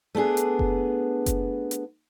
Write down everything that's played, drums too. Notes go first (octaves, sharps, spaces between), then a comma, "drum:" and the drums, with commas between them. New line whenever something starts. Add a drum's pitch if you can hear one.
A3 B3 D4 G#4
drum: hi-hat
drum: kick F#1
drum: kick F#1, hi-hat
drum: hi-hat